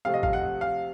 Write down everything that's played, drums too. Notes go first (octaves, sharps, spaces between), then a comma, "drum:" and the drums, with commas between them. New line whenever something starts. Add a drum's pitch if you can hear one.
C3 F3 A3 F5
D#5
F5, drum: kick G#1
F#5
F5